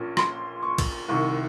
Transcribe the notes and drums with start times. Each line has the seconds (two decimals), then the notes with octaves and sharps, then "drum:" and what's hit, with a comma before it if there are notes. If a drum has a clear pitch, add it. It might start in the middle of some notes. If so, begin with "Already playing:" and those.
Already playing: A#1 A#2 A#3 C#4
0.17 C6, drum: rim click
0.63 C#6
0.78 drum: kick, cymbal
1.08 C2 C3 D#3 C#6